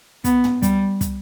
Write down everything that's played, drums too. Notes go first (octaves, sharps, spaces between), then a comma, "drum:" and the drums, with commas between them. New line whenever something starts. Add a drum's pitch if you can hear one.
B3, drum: kick, hi-hat
drum: tom
G3, drum: kick, hi-hat
drum: kick, hi-hat